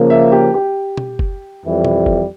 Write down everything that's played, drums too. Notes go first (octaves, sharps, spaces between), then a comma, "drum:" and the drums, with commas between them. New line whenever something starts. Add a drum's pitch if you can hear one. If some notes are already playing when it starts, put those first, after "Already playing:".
Already playing: C#3 F3 A#3
E5
G4
G4
drum: tom B2
drum: kick F#1
F2 E3 G3
drum: tom B2
drum: kick F#1